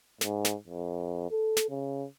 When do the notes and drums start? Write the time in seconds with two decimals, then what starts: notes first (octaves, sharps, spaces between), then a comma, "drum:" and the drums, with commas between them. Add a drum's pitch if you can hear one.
0.21 G#2, drum: snare
0.45 drum: snare
0.67 F2
1.31 A4
1.57 drum: snare
1.69 C#3